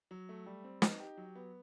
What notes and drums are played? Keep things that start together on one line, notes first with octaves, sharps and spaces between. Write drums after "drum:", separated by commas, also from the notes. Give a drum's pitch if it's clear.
F#3
A3
G3
C4
D#4, drum: snare
G4
F#3
B3